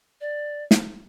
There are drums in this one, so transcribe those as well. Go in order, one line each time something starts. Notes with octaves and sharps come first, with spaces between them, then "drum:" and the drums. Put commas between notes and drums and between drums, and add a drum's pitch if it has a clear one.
D5
drum: snare